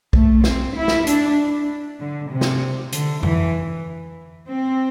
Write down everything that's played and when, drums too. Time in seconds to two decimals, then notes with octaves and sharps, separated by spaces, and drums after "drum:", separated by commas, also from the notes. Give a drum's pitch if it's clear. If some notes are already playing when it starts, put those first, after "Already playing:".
0.13 A3, drum: kick B1
0.44 C4, drum: snare
0.76 E4
0.88 drum: snare
1.07 D4, drum: hi-hat
1.99 D3
2.30 C3
2.41 drum: snare
2.92 D3, drum: hi-hat
3.23 E3, drum: tom F2
4.48 C4